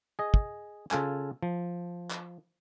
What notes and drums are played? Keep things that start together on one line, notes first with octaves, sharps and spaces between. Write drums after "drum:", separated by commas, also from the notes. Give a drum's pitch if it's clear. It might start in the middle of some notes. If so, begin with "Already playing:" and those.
G#4 D#5
drum: kick
C#3 F4 A4 G#5, drum: clap
F3
drum: clap